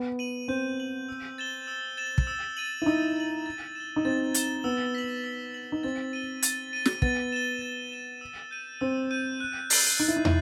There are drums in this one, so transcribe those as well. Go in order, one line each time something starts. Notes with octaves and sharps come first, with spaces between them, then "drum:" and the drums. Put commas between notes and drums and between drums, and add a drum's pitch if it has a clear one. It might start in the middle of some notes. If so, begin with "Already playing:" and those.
Already playing: B3
D#7 F#7
C4 G6
D#7 F#7
E6
A6 E7 G7
E6
A6 E7 G7
drum: kick
E6
A6 D#7 F#7
E4
D#4 E6
A6 D#7 F#7
A6
E7 G7
D#4
C4 A6
E7 G7, drum: hi-hat
B3 E6
B6 F#7
E6
B6 F#7
D#4
C4 A6
D#7 G7
A6, drum: hi-hat
D#7 G7
drum: snare
B3 A6, drum: kick
E7 G7
A6
E7 G7
E6
G6 D#7
C4 E6
G6 D#7
F#6
A6 C7 F#7, drum: open hi-hat
D#4 F#6
E4
D#4
E4, drum: tom